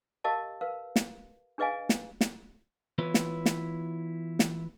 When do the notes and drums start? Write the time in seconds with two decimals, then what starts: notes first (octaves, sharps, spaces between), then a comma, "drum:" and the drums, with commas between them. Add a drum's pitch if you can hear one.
0.24 G4 A#4 D#5 F5 A5
0.61 A#4 B4 F5
0.96 drum: snare
1.58 D4 G#4 B4 D#5 F5 G#5
1.89 drum: snare
2.21 drum: snare
2.98 E3 B3 E4 F4 B4 C#5
3.14 drum: snare
3.46 drum: snare
4.39 drum: snare